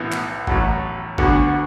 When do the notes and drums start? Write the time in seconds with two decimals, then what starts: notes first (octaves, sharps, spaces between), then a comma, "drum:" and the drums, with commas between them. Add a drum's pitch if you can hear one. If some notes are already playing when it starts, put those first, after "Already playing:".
Already playing: B1 A2 E3 B3 E4
0.12 drum: clap
0.47 A1 A2 F#3, drum: kick G1
1.18 D2 D3 B3 F#4, drum: kick G1